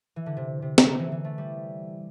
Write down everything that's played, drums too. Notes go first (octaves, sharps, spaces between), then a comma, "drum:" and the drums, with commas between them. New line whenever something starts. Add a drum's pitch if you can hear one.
E3
D3
C3
C3
drum: snare
D3
E3
E3
A3
G3